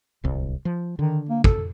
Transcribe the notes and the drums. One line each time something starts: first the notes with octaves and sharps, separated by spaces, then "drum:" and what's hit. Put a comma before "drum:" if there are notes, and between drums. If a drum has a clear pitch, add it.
D1 C2
F3
D3 D#3
A#3
A4, drum: kick